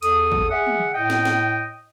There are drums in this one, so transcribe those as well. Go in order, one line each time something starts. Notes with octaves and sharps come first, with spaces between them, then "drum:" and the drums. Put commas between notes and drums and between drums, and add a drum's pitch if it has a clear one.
E2 A4 D#6, drum: hi-hat
drum: kick
G#4 E5 F#5
drum: tom
A2 D#5 G5
drum: snare
drum: snare